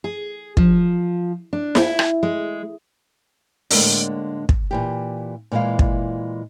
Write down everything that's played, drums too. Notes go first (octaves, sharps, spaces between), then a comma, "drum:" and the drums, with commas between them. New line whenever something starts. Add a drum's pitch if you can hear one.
G#4
F3, drum: kick
D4
E4, drum: snare
drum: rim click
G#3
A2 D3 G#3 A#3 D4, drum: open hi-hat
drum: kick
A#2 E3 G4
A#2 E3 G#3 E4 F5
drum: kick